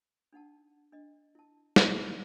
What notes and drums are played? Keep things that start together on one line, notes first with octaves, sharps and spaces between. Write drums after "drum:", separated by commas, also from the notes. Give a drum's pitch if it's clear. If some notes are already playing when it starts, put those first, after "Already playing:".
D4 D#4 F#5 A5
D4 D#5
E4 A5
drum: snare